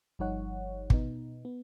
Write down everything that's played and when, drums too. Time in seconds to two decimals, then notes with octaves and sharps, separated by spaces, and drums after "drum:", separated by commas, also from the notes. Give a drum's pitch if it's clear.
0.19 G1 F3 G3 D#4 C#5 F#5
0.90 B2 B3 D#4, drum: kick
1.45 B3